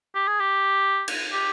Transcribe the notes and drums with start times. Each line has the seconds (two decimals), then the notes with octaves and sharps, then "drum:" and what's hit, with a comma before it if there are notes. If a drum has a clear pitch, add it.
0.15 G4
0.28 G#4
0.40 G4
1.08 drum: cymbal
1.32 G4